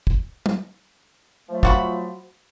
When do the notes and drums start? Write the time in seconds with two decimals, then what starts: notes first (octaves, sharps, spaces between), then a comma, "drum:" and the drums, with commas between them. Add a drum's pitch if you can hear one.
0.07 drum: kick
0.46 drum: tom
1.49 F3 F#3 A3
1.63 F4 F#4 B5, drum: kick